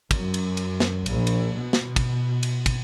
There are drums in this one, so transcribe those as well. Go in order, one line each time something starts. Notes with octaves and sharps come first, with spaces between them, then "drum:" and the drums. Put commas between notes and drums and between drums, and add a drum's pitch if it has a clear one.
F#2, drum: kick, cymbal
drum: cymbal
drum: cymbal
drum: snare
A#1, drum: cymbal
drum: cymbal
B2
drum: snare
drum: kick, cymbal
drum: cymbal
drum: kick, cymbal